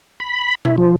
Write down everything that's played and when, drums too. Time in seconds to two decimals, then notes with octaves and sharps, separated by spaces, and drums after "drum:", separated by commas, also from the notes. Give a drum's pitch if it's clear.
0.20 B5
0.65 E4, drum: tom B2
0.78 F3